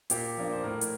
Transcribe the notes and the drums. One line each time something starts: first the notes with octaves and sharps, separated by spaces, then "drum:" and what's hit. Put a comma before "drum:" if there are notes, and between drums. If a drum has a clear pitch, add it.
A#2 G4, drum: hi-hat
F3 A#3 D4
C5
A2 A#4
drum: hi-hat